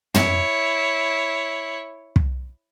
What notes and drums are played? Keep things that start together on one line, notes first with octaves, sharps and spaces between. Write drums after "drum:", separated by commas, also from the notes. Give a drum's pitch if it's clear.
E4 C#5, drum: tom
drum: kick